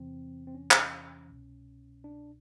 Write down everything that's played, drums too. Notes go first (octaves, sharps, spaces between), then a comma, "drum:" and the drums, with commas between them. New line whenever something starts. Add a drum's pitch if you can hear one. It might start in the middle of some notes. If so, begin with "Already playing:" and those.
Already playing: E2 C3 E3 C4
C4
C#4
drum: clap
C2 B2
D4